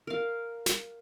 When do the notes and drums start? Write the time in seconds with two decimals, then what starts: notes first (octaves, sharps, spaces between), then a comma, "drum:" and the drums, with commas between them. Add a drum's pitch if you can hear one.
0.07 A#4 F5
0.66 drum: snare